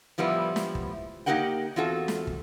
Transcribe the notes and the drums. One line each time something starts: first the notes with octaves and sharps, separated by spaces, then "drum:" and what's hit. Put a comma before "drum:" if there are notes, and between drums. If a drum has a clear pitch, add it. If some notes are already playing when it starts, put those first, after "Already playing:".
A2 F3 G3 B3 E4
drum: snare
drum: kick
A#3 D#4 G4 A#4 F#5 G5
E2 C4 F4 F#4 A4
drum: snare
drum: kick